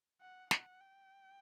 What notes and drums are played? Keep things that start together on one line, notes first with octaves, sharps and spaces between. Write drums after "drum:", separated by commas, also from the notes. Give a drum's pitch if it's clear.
F#5
F#5, drum: snare
G5